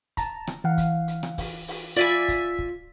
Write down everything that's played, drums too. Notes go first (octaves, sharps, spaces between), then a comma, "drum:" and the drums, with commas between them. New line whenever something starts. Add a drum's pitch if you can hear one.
A5 A#5, drum: kick, hi-hat
drum: rim click
E3 F5 F#5
drum: kick, hi-hat
drum: hi-hat
drum: rim click
drum: kick, open hi-hat
drum: open hi-hat
F4 D5 E5 G#5, drum: hi-hat
drum: kick, hi-hat
drum: kick